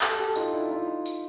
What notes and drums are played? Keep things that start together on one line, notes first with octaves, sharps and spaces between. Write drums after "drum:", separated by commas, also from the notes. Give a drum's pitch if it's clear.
G4 A4, drum: clap
G4 A4
D#4 F4, drum: tambourine
D4 E4
D#4 F4
drum: tambourine